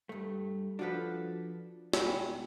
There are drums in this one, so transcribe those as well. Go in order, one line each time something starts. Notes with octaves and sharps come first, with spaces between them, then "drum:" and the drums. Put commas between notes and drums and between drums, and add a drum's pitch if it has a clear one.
G2 A3
F3 D4 F#4 A4 B4
B2 G#3 E4 G4 G#5, drum: snare